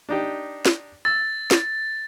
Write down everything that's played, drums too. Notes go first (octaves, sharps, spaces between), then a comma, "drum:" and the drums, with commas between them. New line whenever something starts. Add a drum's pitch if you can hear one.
D4 D#4 G4
drum: snare
E6 A6
drum: snare